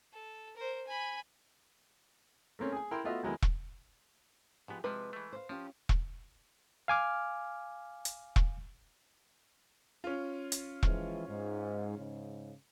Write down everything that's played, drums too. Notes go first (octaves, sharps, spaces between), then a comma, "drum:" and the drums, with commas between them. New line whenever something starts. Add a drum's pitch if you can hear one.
A4
A#4 C5
G#5 B5
A3 A#3 C4 C#4
G#4 G#5
E4 A#4 G5 C6
A3 B3 F4 F#4 D#5 E5
D#2 F#3 G#3 B3 E4 A#4
drum: kick E1
G#2 F3 B3 G4 G#4
C3 F3 G#3 B4
E3 A3
C5 F5
F3 C#4 F4 G4
drum: kick E1
F5 G#5 D6 F6
drum: hi-hat
drum: kick E1
C#4 F4
drum: hi-hat
E3 F3 G#3, drum: kick E1
G#2
G#2 C#3